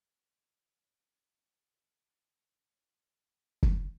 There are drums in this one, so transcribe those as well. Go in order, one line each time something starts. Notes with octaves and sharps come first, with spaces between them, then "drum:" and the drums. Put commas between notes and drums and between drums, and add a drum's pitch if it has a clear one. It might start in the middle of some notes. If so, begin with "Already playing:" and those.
Already playing: F2
C3
F2
F3
C#2 C#5
C#3
C#2
E3
D#3
D#3
D#2
D#2
D#3 C#5
drum: kick